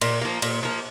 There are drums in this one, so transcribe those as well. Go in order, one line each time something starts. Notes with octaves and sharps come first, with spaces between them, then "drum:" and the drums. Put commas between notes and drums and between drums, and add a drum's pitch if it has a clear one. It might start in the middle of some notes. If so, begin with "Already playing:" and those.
A#2, drum: cymbal
F3 A#3
A#2, drum: cymbal
F3 A#3